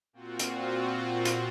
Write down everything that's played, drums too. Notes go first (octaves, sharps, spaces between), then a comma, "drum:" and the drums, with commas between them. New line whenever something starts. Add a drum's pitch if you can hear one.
A#2 C4 F4 F#4
drum: hi-hat
drum: hi-hat